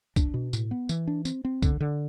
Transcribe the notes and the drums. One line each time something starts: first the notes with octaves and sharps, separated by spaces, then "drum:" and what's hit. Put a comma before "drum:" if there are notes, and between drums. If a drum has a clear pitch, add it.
D4, drum: kick C2, tambourine
B2
A2, drum: tambourine
B3
E3, drum: tambourine
D4
C4, drum: tambourine
C4
D3, drum: kick C2, tambourine
D3